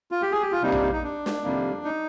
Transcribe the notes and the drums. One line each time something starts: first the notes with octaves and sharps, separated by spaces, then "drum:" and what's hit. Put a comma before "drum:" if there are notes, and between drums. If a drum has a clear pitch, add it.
F4
G4
G#4
G4
F4
C3 G3 A#3 D#4
D4, drum: tom A#1
D#4
D#4
D4
drum: snare
F2 C3 D#3 G3 A#3
D#4